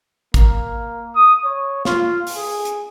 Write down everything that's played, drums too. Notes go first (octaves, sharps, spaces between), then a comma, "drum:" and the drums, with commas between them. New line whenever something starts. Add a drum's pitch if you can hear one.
A#3, drum: kick, hi-hat
D#6
C#5
F4, drum: snare
drum: open hi-hat
G#4
drum: hi-hat